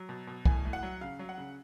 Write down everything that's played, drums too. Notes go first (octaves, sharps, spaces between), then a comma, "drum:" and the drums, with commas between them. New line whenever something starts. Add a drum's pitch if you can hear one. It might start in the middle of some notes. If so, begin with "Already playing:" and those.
Already playing: F#3
B2
B2
A2 G#5, drum: kick C2
A2
F#5
F#3
C#3 F5
F#3
F#5
C#3